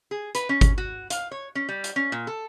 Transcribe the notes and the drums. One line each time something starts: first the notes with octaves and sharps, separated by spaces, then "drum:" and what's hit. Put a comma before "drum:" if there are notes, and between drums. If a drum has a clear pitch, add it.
G#4
B4, drum: hi-hat
C#4
drum: kick G1, hi-hat
F#4
F5, drum: hi-hat
C#5
C#4
G3
drum: hi-hat
C#4
A#2
A4